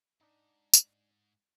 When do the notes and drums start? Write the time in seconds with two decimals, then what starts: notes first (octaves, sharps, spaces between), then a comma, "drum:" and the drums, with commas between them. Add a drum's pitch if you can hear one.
0.21 G#2 D4 D#4
0.74 drum: tambourine